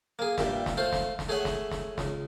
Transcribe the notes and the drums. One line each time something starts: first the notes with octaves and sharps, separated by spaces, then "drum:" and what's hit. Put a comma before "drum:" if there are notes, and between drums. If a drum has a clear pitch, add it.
A#3 G#4
G2 A#2 G3 E5, drum: snare
drum: snare
A3 F4 C5
drum: snare
drum: snare
A3 G#4 C#5 E5 F#5
drum: snare
drum: snare
C#2, drum: snare